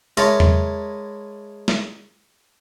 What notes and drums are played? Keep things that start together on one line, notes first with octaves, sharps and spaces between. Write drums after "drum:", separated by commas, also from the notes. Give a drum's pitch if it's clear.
G#3 E4 A#4 C#5 A5 A#5, drum: hi-hat
drum: tom E2
drum: snare